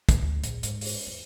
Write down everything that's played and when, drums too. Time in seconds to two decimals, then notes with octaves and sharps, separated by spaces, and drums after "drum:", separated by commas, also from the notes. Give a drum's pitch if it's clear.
0.09 drum: kick, hi-hat
0.22 D2
0.44 A#1, drum: hi-hat
0.63 G#2, drum: hi-hat
0.81 drum: open hi-hat
1.07 E2